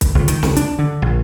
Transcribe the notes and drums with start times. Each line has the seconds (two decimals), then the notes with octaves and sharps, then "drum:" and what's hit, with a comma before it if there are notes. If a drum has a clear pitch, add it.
0.01 drum: kick, hi-hat
0.15 C#2
0.28 D#3, drum: hi-hat
0.43 C#2, drum: snare
0.57 D4, drum: hi-hat
0.79 D3
1.02 A#1